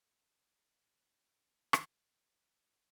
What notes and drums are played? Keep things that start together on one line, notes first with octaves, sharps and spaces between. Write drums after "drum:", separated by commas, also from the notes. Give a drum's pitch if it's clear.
E4 F4 A#4 C#5 D5 E5
drum: rim click